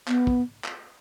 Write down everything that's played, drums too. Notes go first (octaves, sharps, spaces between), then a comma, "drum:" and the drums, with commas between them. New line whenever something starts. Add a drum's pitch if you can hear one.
B3, drum: clap
drum: kick
drum: clap